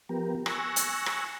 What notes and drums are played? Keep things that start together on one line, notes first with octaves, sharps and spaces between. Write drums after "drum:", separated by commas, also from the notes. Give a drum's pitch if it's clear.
F3 B3 G4 A#4
G#5 C#6 E6 F#6 A#6, drum: rim click
drum: hi-hat
drum: rim click